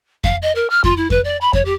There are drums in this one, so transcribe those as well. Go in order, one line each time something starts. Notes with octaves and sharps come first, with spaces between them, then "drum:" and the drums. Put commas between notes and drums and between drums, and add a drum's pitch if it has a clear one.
F5, drum: kick F2
D#5
A#4
F6
F4, drum: kick F2
E4
B4, drum: kick F2
D5
B5
C#5, drum: kick F2
G4